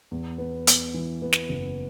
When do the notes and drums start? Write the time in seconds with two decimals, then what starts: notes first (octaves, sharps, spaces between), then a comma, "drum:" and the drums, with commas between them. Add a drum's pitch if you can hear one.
0.11 E2
0.38 B3
0.67 B3, drum: hi-hat
0.94 E3
1.22 B3
1.33 drum: snare
1.49 F#1